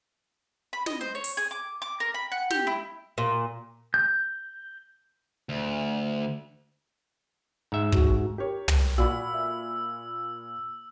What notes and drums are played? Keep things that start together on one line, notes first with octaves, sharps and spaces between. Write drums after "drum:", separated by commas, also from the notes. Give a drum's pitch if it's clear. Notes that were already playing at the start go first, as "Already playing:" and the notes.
B5
D#5, drum: snare
C5
C#5
drum: open hi-hat
G#4, drum: hi-hat
D6
D6
A#4
B5
F#5
G4, drum: snare
E4
A#2
G6
D2
G#2 E5
F#4, drum: kick
G4 A#4 C#5
drum: tom
A#2 F#4 D5 F5 B5 E6
E5